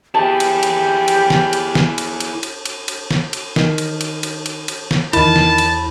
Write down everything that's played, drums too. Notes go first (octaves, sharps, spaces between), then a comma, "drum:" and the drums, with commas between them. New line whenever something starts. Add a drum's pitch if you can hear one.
E4 G4 G#4 A5
drum: cymbal
drum: cymbal
drum: cymbal
drum: snare
drum: cymbal
drum: snare
drum: cymbal
drum: cymbal
drum: cymbal
drum: cymbal
drum: cymbal
drum: snare
drum: cymbal
D#3, drum: snare
drum: cymbal
drum: cymbal
drum: cymbal
drum: cymbal
drum: cymbal
drum: snare
E2 D#3 E4 A5 B5, drum: cymbal
drum: snare
drum: cymbal